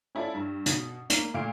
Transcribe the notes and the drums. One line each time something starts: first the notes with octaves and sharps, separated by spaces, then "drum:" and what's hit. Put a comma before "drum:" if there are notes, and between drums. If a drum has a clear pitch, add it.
C#4 E4 F4 A4 D5
G2
B2, drum: hi-hat
A#3, drum: hi-hat
A#2 A3 F5 D7